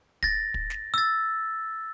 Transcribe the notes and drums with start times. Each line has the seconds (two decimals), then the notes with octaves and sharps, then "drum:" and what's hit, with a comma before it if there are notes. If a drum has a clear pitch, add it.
0.23 A6 A#6, drum: kick
0.54 drum: kick
0.70 drum: snare
0.94 E6 A6